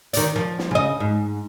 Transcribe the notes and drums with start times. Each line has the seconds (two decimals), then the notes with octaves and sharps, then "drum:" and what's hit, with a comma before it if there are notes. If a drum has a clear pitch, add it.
0.13 D#3 D5, drum: hi-hat
0.36 F3
0.59 drum: snare
0.71 C#3 D#5
1.00 G#2